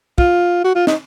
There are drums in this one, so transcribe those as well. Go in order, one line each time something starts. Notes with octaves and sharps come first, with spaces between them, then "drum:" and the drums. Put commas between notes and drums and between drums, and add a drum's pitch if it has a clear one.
F4, drum: kick
F#4
F4
D#4, drum: snare